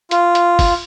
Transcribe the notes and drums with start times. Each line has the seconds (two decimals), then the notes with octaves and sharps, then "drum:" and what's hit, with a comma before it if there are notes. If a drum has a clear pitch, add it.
0.11 F4, drum: hi-hat
0.35 drum: hi-hat
0.59 drum: kick, open hi-hat